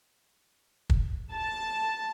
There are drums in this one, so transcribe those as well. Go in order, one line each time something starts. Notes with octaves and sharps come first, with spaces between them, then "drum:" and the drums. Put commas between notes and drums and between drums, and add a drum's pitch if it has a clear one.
drum: kick
A5